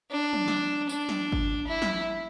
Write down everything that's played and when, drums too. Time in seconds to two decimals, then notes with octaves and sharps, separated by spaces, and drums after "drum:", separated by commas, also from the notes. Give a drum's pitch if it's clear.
0.11 D4
0.33 drum: tom
0.48 drum: snare
0.89 D4, drum: tambourine
1.09 drum: snare
1.32 drum: kick
1.68 E4
1.82 drum: snare